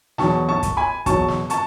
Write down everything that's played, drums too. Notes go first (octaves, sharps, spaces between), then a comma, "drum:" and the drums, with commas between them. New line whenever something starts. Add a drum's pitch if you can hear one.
E2 B2 F#3 A5 C#6, drum: snare
A5 C#6
drum: kick, hi-hat
G#5 B5
E2 B2 F#3 A5 C#6, drum: kick, hi-hat
drum: snare
A5 C#6, drum: hi-hat